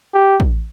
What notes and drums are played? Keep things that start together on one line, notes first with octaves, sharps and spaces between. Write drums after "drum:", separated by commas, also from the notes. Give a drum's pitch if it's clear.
G4
drum: kick